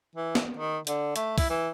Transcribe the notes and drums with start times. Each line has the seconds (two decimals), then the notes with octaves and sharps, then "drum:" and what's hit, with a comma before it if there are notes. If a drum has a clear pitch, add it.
0.15 E3
0.35 drum: snare
0.57 D#3
0.87 D3, drum: hi-hat
1.16 A3, drum: hi-hat
1.38 E4, drum: kick, open hi-hat
1.50 E3